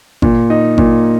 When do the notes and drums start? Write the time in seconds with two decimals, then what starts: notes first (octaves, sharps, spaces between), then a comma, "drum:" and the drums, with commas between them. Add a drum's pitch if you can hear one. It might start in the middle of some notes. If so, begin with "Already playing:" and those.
0.22 A#2, drum: kick G1
0.50 D#4
0.78 A#2, drum: kick G1